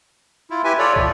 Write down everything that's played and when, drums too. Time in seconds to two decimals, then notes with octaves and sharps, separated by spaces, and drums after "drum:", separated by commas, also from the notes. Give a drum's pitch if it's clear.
0.50 E4 F4
0.64 E4 G4 B4 E5 G#5
0.78 F4 A4 C#5 D5
0.96 F3, drum: kick